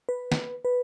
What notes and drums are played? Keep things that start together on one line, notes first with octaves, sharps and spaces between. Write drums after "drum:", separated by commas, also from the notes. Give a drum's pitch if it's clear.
B4
drum: snare
B4